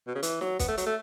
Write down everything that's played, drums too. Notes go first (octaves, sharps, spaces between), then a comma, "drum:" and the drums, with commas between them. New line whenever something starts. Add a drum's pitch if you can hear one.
B2
C#3
E3, drum: hi-hat
F#3, drum: snare
B3, drum: kick, hi-hat
A3
F#3, drum: hi-hat
A3